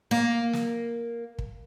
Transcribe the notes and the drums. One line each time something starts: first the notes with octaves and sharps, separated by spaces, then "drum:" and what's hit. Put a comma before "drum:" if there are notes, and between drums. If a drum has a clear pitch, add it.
A#3
drum: snare
drum: kick